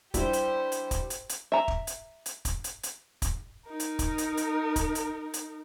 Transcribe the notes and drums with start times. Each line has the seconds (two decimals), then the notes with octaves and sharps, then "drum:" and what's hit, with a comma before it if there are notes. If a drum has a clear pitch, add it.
0.14 G3 D4 E4 G4 C5, drum: kick, hi-hat
0.33 drum: hi-hat
0.72 drum: hi-hat
0.91 drum: kick, hi-hat
1.10 drum: hi-hat
1.29 drum: hi-hat
1.52 E5 A#5
1.68 drum: kick
1.87 drum: hi-hat
2.26 drum: hi-hat
2.45 drum: kick, hi-hat
2.64 drum: hi-hat
2.83 drum: hi-hat
3.22 drum: kick, hi-hat
3.67 D#4 A#4
3.80 drum: hi-hat
3.99 drum: kick, hi-hat
4.18 drum: hi-hat
4.37 drum: hi-hat
4.76 drum: kick, hi-hat
4.95 drum: hi-hat
5.34 drum: hi-hat